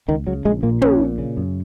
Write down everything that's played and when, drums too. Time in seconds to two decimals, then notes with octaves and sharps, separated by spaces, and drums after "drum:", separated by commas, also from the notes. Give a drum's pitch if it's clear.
0.08 C#2 D#3
0.27 C#3 F#3
0.45 A#1 G#3
0.63 A#2 A#3
0.82 A#1 C#4, drum: tom
1.00 A#2
1.18 C#3
1.37 F#2